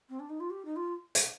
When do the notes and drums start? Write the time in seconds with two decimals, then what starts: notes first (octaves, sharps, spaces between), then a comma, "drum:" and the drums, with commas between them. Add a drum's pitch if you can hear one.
0.09 C4
0.19 D4
0.29 D#4
0.40 F4
0.50 G4
0.65 D#4
0.76 F4
1.15 drum: hi-hat